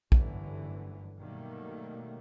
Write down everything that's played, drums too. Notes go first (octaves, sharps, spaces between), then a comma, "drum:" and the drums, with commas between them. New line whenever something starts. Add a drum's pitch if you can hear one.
G1 F#2 A2 D3 E3, drum: kick A#1
B2 D#3 F#3 G3 A3 A#3